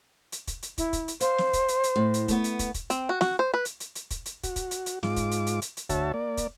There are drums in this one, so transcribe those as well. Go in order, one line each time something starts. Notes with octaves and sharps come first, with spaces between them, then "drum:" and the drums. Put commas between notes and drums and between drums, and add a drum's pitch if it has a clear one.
drum: hi-hat
drum: kick, hi-hat
drum: hi-hat
E4, drum: kick, hi-hat
drum: kick, hi-hat
drum: hi-hat
C5 F5, drum: hi-hat
drum: snare
drum: kick, hi-hat
drum: hi-hat
drum: hi-hat
A2
drum: hi-hat
A3 B3, drum: kick, hi-hat
drum: hi-hat
drum: kick, hi-hat
drum: kick, hi-hat
C4, drum: hi-hat
F#4
F#4, drum: snare
C5
B4
drum: hi-hat
drum: hi-hat
drum: hi-hat
drum: kick, hi-hat
drum: hi-hat
F#4, drum: kick, hi-hat
drum: kick, hi-hat
drum: hi-hat
drum: hi-hat
G#2 F4 D6, drum: snare
drum: kick, hi-hat
drum: hi-hat
drum: hi-hat
drum: hi-hat
drum: hi-hat
D2 F#4 C#5 E5 A5, drum: kick, hi-hat
A#3 D5
drum: kick, hi-hat